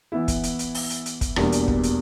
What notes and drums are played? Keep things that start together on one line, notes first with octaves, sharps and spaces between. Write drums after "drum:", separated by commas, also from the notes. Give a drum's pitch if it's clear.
E3 B3 E4
drum: kick, hi-hat
drum: hi-hat
drum: hi-hat
drum: open hi-hat
drum: hi-hat
drum: hi-hat
drum: kick, hi-hat
E2 B2 G3 A#3 D4, drum: rim click
drum: hi-hat
drum: kick
drum: hi-hat